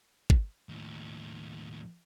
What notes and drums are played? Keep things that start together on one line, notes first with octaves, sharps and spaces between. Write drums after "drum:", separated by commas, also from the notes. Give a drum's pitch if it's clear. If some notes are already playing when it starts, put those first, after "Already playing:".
drum: kick
D#2 A2